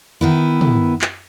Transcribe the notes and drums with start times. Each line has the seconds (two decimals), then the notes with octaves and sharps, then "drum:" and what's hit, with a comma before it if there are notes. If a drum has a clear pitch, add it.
0.21 D#3 B3 E4
0.61 drum: tom
1.01 drum: clap